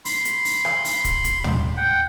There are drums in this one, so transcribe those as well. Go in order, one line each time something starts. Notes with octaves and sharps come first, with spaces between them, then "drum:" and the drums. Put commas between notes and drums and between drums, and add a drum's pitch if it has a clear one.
B5 C6, drum: open hi-hat
drum: hi-hat
drum: open hi-hat
drum: rim click
drum: open hi-hat
drum: kick, hi-hat
drum: kick, hi-hat
drum: tom
F#5 G5